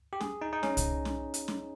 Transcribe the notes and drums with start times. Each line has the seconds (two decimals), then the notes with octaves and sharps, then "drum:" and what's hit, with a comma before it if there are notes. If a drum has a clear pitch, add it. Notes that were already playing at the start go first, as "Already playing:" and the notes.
0.13 G4
0.21 G#4, drum: snare
0.41 D#4
0.53 D#4
0.63 C#4, drum: snare
0.77 drum: kick C2, hi-hat
1.05 drum: snare
1.34 drum: hi-hat
1.48 drum: snare